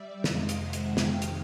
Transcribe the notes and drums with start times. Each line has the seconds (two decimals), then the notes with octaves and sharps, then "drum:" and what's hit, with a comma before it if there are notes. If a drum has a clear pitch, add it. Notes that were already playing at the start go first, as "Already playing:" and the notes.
Already playing: G3 D5 E5
0.24 F2 C3 D#3 G#3 D#5 F5, drum: snare
0.49 drum: hi-hat
0.60 E5 F#5
0.73 drum: hi-hat
0.97 F5 G5, drum: snare
1.22 drum: hi-hat